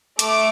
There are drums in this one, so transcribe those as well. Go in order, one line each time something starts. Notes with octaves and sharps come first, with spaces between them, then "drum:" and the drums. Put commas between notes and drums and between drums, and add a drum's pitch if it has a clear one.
A3 D6, drum: hi-hat